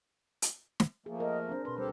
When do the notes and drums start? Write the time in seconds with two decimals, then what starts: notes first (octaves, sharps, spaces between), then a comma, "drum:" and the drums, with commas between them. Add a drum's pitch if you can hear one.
0.42 drum: hi-hat
0.80 drum: snare
1.06 F3 A3 A#3 G#4
1.20 A#4 D#5
1.49 C4 D4 C5
1.65 B2 B4 C6
1.78 D2 G3 G4 A4 C5